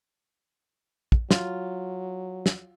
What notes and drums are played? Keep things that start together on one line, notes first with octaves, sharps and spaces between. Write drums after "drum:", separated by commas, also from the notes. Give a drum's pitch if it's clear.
drum: kick
F#3 F4, drum: snare
drum: snare